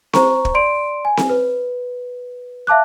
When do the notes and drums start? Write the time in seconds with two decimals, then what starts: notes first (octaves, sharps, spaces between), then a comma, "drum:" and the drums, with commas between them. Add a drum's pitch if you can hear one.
0.13 C5 A#5 C#6, drum: snare C4
0.45 drum: kick
0.54 D5 C6 D7
1.05 G#5
1.17 drum: snare C4
1.30 B4
2.67 E5 F5 A5 D6 F#6